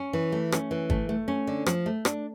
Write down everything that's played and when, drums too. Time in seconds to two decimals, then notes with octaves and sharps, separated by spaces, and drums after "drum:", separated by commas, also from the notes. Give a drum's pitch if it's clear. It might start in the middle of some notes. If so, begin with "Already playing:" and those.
Already playing: C#4
0.13 E3
0.32 A3
0.52 C#4, drum: rim click
0.71 E3
0.90 A3, drum: kick
1.09 A3
1.28 C#4
1.47 D3
1.66 F3, drum: rim click
1.86 A3
2.05 D4, drum: rim click